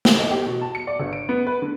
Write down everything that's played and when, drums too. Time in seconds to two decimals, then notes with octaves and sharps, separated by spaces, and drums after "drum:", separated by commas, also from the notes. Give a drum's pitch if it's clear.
0.05 G4, drum: snare
0.19 D#4
0.31 G4
0.47 B2
0.62 A5
0.75 C#7
0.87 D5
1.00 G1
1.13 D7
1.29 B3
1.47 B4
1.62 D3